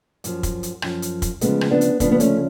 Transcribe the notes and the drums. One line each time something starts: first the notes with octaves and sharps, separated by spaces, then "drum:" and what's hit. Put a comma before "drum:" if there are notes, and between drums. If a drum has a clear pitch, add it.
F#2 F3, drum: hi-hat
drum: kick, hi-hat
drum: hi-hat
F#2 F3, drum: rim click
drum: hi-hat
drum: kick, hi-hat
D2 C#3 F3 G#3 B3, drum: hi-hat
drum: rim click
B3 D4
drum: hi-hat
D2 C#3 F3 B3 D4, drum: kick, hi-hat
B3
A3 C#4, drum: hi-hat